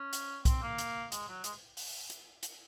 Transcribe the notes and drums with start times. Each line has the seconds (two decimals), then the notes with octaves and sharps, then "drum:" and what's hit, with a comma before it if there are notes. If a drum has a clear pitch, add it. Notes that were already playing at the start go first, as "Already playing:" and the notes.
Already playing: C#4
0.13 drum: hi-hat
0.45 C4, drum: kick B1, hi-hat
0.62 A#3
0.78 drum: hi-hat
1.12 G#3, drum: hi-hat
1.28 F#3
1.44 G#3, drum: hi-hat
1.77 drum: open hi-hat
2.10 drum: hi-hat
2.43 drum: hi-hat